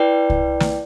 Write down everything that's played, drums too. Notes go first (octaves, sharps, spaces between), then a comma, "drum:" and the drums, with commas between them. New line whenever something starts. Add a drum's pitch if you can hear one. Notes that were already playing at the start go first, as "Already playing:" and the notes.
Already playing: E4 B4 D5 G5
drum: kick C2
drum: snare